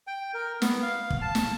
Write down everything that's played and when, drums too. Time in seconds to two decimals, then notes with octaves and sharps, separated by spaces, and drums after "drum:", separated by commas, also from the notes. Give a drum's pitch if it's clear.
0.07 G5
0.34 A#4
0.62 B3, drum: snare
0.83 F5
1.10 drum: kick
1.22 A5
1.35 drum: snare